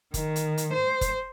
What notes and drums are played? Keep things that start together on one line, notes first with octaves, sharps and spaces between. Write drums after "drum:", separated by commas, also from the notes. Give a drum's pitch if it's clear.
D#3, drum: kick F#1, hi-hat
drum: hi-hat
drum: hi-hat
C5
drum: kick F#1, hi-hat